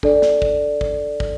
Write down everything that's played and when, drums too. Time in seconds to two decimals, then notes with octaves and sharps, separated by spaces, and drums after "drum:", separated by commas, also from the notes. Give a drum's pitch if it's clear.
0.03 D4 A4 D5, drum: kick
0.22 drum: snare
0.42 drum: kick
0.81 drum: kick
1.20 drum: kick